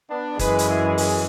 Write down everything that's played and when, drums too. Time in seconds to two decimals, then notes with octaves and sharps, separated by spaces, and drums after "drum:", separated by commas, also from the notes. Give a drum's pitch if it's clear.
0.09 B3 D4
0.39 F#2 E3 G#3 G#4 B4, drum: kick, hi-hat
0.59 drum: hi-hat
0.68 E4 G#4
0.98 G#4, drum: open hi-hat